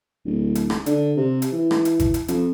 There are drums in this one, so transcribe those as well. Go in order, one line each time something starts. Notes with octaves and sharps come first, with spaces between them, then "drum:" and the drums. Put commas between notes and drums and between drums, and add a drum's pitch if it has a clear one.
D1
drum: hi-hat
drum: rim click
D3, drum: hi-hat
C3
drum: hi-hat
E3
drum: rim click
drum: hi-hat
drum: kick G#1, hi-hat
drum: hi-hat
F2, drum: hi-hat